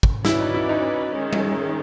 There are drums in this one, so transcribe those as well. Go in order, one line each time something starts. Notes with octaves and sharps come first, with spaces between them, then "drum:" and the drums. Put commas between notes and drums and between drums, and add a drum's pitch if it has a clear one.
drum: kick
C#4 E4 F#4 B4 D5, drum: snare
D#4
E4
D#4
D#3 G#3 C#4
drum: tom G3